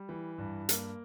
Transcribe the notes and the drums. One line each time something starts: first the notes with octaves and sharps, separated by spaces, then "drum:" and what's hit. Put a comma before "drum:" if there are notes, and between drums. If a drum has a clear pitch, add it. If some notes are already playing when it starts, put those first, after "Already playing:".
Already playing: G3
E3
G2
A#3, drum: hi-hat